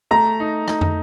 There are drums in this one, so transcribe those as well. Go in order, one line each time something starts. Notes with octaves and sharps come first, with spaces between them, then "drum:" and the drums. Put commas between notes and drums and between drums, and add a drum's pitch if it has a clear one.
A3 A#5
D#4
D#4, drum: rim click
drum: tom